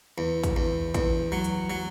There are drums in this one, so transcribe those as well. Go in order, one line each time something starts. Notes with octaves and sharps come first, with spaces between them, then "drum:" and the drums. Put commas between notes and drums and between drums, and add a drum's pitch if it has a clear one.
E2
drum: kick, hi-hat
E2
E2, drum: kick, hi-hat
F#3
drum: hi-hat
F#3